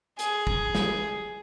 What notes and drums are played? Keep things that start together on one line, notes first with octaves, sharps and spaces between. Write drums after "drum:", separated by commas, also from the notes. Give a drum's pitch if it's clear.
G#4, drum: hi-hat
drum: kick
drum: snare